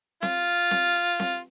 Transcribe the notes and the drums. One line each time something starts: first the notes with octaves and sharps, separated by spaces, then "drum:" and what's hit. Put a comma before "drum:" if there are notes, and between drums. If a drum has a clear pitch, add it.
F4, drum: snare C4
drum: snare C4
drum: hi-hat
drum: snare C4